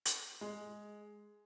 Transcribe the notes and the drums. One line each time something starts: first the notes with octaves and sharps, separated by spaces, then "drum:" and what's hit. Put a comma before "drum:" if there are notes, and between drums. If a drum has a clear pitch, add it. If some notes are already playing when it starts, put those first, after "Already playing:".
drum: hi-hat
G#3